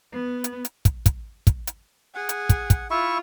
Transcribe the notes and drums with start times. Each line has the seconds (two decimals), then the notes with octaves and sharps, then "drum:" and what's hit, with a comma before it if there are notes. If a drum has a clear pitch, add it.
0.12 B3
0.44 drum: hi-hat
0.65 drum: hi-hat
0.85 drum: kick, hi-hat
1.06 drum: kick, hi-hat
1.47 drum: kick, hi-hat
1.67 drum: hi-hat
2.15 G#4 F#5
2.29 drum: hi-hat
2.49 drum: kick, hi-hat
2.70 drum: kick, hi-hat
2.91 E4 F4 E5 C#6